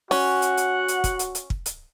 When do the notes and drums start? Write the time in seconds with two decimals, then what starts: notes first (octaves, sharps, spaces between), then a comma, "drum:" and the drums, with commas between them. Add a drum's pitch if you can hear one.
0.11 C#4 F#4 F#5, drum: open hi-hat
0.42 drum: hi-hat
0.57 drum: hi-hat
0.88 drum: hi-hat
1.04 drum: kick, hi-hat
1.19 drum: hi-hat
1.35 drum: hi-hat
1.50 drum: kick
1.66 drum: hi-hat